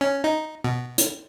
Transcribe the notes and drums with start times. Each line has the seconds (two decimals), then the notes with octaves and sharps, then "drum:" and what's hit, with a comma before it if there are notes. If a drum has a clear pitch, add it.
0.01 C#4
0.24 D#4
0.64 B2
0.98 drum: hi-hat